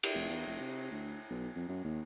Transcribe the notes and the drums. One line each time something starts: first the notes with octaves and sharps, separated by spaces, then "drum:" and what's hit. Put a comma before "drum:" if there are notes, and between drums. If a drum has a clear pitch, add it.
drum: cymbal
F1
E2
F1
C3
D2
B1
F2
F#2
D#2